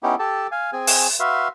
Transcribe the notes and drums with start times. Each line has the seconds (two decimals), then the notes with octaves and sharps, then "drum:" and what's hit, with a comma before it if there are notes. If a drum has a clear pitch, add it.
0.03 B3 C#4 D#4 E4 G4
0.19 G4 A4 A5
0.52 F5 G#5
0.73 C4 G#4 G#5
0.87 drum: open hi-hat
1.20 F#4 B4 E5 F5 C6